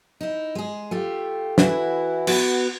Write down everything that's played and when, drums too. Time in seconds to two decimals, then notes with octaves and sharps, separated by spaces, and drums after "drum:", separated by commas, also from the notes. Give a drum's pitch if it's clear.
0.21 D#4 E4
0.55 G#3 G#4
0.91 A3 F4 G4
1.58 E3 E4 F#4, drum: snare
2.27 B3 F#4 B4, drum: cymbal